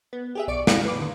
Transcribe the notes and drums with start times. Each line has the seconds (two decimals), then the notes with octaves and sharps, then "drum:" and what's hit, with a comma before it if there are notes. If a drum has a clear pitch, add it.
0.13 B3
0.35 G4 G#4 E5
0.48 B1 D5 C#6 D7
0.67 F5, drum: snare
0.85 B4 D6
0.98 D3 D#3